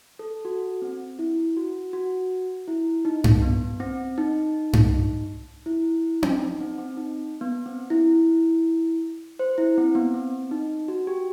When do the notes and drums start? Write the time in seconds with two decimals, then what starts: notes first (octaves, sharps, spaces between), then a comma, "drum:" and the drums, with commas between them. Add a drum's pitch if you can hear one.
0.19 A4
0.45 F#4
0.82 C4
1.19 E4
1.57 F#4
1.93 F#4
2.68 E4
3.05 D#4
3.24 drum: tom G2
3.42 B3
3.80 C4
4.18 D#4
4.73 drum: tom G2
5.66 E4
6.23 drum: tom C4
6.42 D#4
6.60 C4
6.78 C4
6.97 D#4
7.41 B3
7.66 C4
7.90 E4
9.39 C5
9.58 E4
9.78 C4
9.95 B3
10.14 C4
10.51 D#4
10.88 F#4
11.07 G4